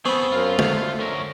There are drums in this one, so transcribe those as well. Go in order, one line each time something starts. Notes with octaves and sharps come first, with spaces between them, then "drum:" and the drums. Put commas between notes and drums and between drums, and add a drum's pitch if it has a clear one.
B3 C4 G#4 A4 B5 C#6
F#2 F4 F5
D3 A3, drum: tom
C#4 A#4